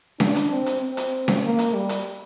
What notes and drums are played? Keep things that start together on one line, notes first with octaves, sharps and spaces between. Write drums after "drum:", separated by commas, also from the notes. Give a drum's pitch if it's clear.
D4, drum: snare C#4
drum: hi-hat
C4
drum: hi-hat
C4
drum: hi-hat
drum: snare C#4
A#3
drum: hi-hat
G3
drum: hi-hat